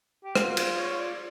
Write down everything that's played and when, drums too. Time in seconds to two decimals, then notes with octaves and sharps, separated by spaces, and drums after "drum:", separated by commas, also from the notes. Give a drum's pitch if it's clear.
0.24 G4
0.35 F4 F#4, drum: rim click
0.57 C5, drum: cymbal
0.78 C#5
0.99 D5